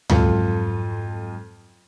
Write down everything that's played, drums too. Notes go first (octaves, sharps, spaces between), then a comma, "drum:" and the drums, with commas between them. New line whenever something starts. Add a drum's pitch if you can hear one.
F2 G#2 F#3 F4 A4, drum: tom D2